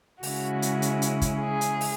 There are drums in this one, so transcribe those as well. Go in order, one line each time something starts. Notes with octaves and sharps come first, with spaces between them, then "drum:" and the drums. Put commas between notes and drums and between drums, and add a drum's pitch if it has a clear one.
C#3 G#3 C#4 E4 F#4, drum: open hi-hat
drum: hi-hat
drum: hi-hat
drum: hi-hat
drum: kick, hi-hat
G#4
drum: hi-hat
drum: open hi-hat